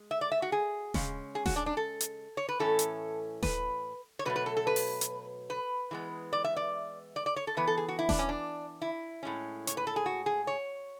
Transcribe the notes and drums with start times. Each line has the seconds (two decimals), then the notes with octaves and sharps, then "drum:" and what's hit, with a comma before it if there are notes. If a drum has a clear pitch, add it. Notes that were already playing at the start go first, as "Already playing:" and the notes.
Already playing: G#3
0.11 E5
0.21 D5
0.32 E5
0.42 F#4
0.52 G#4
0.94 C#3 G#3 C#4, drum: snare D#1
1.35 G#4
1.46 F#4, drum: snare D#1
1.56 D4
1.66 D4
1.77 A4
2.01 drum: hi-hat
2.37 C#5
2.49 B4
2.59 A2 E3 A3 C#4 A4
2.79 drum: hi-hat
3.43 B4, drum: snare D#1
4.19 C#5
4.25 B2 F#3 A3 B4
4.36 B4
4.46 A4
4.57 A4
4.67 B4
4.76 drum: open hi-hat
5.01 drum: hi-hat
5.50 B4
5.91 E3 G#3 B3
6.33 D5
6.44 E5
6.56 D5
7.16 D5
7.26 D5
7.36 C#5
7.47 A4
7.57 E3 B3 B4
7.67 A4
7.77 G#4
7.88 F#4
7.99 E4
8.09 D4, drum: snare D#1
8.19 C#4
8.29 D4
8.82 E4
9.23 A2 G#3 C#4
9.67 C#5, drum: hi-hat
9.77 B4
9.87 A4
9.96 G#4
10.06 F#4
10.26 G#4
10.47 C#5